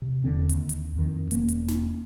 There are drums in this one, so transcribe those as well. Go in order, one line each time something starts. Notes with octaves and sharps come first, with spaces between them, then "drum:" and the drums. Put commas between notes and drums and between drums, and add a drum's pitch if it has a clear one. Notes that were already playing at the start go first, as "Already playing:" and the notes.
C3
E1 E2 D3 C4
D#2, drum: hi-hat
drum: hi-hat
F2 D#3
E1 A#3 C#4, drum: hi-hat
drum: hi-hat
drum: snare